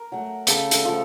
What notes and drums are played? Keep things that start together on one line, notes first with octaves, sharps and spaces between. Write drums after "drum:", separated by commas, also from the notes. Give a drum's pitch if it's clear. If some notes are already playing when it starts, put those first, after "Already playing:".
Already playing: A#4
F#3 A3
C#3 A4, drum: hi-hat
A4, drum: hi-hat
F3 A3